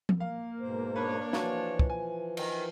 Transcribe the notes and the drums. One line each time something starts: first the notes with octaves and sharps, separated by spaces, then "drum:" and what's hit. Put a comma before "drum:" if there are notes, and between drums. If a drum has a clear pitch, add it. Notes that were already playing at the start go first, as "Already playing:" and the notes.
drum: tom F3
A#3 F5
G#2 B2 C5
D4 B4 C#5
E3 F3 F4 F#4, drum: snare
drum: kick
G#5
D#3, drum: cymbal